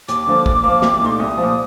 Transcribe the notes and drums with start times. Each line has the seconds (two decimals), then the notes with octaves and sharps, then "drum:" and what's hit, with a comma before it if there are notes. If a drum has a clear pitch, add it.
0.08 D#2 D6, drum: hi-hat
0.27 D3 F3 A#3
0.46 A#2, drum: kick
0.63 F3 A#3
0.82 C2, drum: snare
1.01 A#2 A3 D#4 C6
1.12 D6
1.19 C2 D#6
1.38 A#2 F3